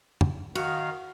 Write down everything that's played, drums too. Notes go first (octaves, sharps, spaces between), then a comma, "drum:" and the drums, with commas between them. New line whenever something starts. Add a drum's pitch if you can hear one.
drum: tom
D#3 F#4 F5, drum: cymbal